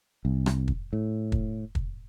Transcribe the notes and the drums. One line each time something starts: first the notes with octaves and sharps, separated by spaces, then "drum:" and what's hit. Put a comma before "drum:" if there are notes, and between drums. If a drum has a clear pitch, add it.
C2
drum: rim click
drum: kick
A2
drum: kick
drum: kick